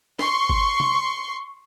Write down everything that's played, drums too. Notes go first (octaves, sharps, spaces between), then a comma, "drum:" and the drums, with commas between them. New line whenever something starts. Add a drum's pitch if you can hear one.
C6 C#6, drum: snare
drum: kick G1
drum: tom C3